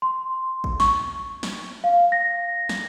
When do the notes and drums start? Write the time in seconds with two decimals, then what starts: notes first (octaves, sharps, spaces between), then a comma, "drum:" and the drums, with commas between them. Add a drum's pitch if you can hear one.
0.02 C6
0.64 drum: kick A1
0.80 C#6, drum: snare
1.43 drum: snare
1.84 F5
2.12 A#6
2.69 drum: snare